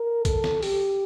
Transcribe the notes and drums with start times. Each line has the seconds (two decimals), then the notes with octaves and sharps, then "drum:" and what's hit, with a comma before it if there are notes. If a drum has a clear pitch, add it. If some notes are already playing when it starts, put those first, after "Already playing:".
Already playing: A#4
0.25 A4, drum: kick, hi-hat
0.44 drum: snare E3
0.63 G4, drum: open hi-hat